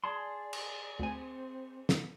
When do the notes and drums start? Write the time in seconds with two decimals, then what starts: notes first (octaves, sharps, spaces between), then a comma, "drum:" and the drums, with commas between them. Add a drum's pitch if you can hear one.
0.04 G#4 D5 A5 C6
0.53 drum: cymbal
0.99 D2 C4 G#5
1.89 drum: snare